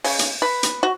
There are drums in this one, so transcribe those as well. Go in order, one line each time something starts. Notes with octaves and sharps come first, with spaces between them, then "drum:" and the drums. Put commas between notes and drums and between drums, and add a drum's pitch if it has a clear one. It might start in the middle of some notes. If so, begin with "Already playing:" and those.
C#3, drum: open hi-hat
drum: hi-hat
B4
drum: hi-hat
F#4